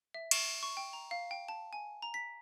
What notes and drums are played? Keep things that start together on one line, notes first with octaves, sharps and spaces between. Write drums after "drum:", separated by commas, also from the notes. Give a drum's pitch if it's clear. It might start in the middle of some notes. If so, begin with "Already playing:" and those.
E5
C#6, drum: cymbal
C#6
G5
A#5
F5
G5
A5
G#5
A#5
B6